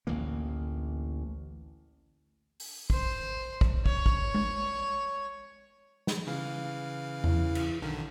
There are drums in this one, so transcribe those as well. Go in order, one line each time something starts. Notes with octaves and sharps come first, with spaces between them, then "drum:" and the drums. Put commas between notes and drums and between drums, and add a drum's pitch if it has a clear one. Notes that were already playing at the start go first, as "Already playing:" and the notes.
A1 D2 E3 A#3
drum: open hi-hat
C5 C6, drum: kick
drum: kick
C#5, drum: kick
drum: kick
drum: tom G#3
drum: snare
C#3 E3 F5
E4, drum: tom E2
drum: cymbal
B1 D3 D#3